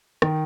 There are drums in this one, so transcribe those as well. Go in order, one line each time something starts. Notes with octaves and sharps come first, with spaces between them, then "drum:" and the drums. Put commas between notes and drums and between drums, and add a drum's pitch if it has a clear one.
D#3, drum: rim click